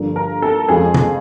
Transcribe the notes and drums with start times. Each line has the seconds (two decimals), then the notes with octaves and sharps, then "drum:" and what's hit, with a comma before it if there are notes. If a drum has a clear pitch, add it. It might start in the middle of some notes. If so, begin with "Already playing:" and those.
Already playing: G2 D3 F3 A#3
0.16 A#4
0.42 A4
0.68 F2 C#3 F3 G#3 G#4
0.94 drum: tom C3